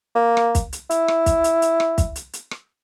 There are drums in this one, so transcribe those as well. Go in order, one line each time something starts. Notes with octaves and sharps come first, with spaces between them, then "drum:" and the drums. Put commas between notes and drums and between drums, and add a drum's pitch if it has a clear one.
A#3
drum: rim click
drum: kick, hi-hat
drum: hi-hat
E4, drum: hi-hat
drum: rim click
drum: kick, hi-hat
drum: hi-hat
drum: hi-hat
drum: rim click
drum: kick, hi-hat
drum: hi-hat
drum: hi-hat
drum: rim click